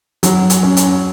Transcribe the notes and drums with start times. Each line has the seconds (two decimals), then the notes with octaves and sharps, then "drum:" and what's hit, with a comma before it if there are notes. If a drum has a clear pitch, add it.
0.23 F#3, drum: hi-hat
0.50 drum: hi-hat
0.63 C#4
0.77 drum: hi-hat